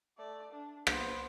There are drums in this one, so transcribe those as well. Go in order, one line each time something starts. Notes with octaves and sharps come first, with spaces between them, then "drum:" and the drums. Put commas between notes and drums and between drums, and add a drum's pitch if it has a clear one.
A3 D5
D4
B3 C5, drum: rim click